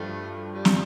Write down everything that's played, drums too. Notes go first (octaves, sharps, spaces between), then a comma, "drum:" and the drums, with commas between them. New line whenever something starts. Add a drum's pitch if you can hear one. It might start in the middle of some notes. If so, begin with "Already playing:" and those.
Already playing: G2 F3 A3 D4 G4
G3
drum: snare